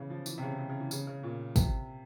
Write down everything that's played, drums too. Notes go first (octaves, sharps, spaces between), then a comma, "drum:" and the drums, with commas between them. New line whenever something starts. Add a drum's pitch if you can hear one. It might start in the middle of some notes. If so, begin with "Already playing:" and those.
Already playing: C#3 E3
F3
E3, drum: tambourine
C3
C#3
C3
C#3
E3
C#3, drum: tambourine
C#3
A#2
C3, drum: kick, tambourine